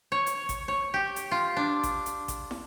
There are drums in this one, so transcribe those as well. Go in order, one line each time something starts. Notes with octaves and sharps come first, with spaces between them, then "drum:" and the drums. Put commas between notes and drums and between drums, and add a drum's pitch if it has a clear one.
C#5
drum: hi-hat
drum: kick A1, hi-hat
C#5
G4
drum: hi-hat
F4
D4
drum: kick A1, hi-hat
drum: hi-hat
drum: kick A1, hi-hat
drum: snare